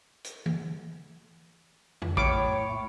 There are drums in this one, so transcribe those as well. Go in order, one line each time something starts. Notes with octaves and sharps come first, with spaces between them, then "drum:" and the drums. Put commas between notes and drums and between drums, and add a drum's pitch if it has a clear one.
drum: hi-hat
drum: tom E3
drum: tom F2
A2 C#5 B5 D6 F6 C#7, drum: kick